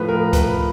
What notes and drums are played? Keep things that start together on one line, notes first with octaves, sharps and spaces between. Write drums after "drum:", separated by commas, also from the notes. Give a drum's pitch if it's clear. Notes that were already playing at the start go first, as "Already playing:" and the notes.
Already playing: A2 F3 A3 B4
A#4
B4, drum: kick C#2, hi-hat